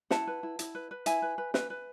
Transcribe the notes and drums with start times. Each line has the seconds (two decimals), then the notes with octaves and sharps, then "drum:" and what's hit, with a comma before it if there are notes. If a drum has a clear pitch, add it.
0.10 E4 F#5 A5, drum: snare
0.27 B4
0.43 E4
0.59 E4, drum: hi-hat
0.75 B4
0.91 B4
1.06 E4 E5 G#5, drum: hi-hat
1.22 B4
1.38 B4
1.54 B4, drum: snare
1.70 B4